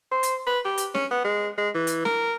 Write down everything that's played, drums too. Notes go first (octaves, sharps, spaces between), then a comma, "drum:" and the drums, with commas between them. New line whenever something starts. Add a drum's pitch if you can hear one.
C5
drum: hi-hat
B4
G4
drum: hi-hat
C#4, drum: snare
B3
G#3
G#3
E3
drum: hi-hat
A#4, drum: snare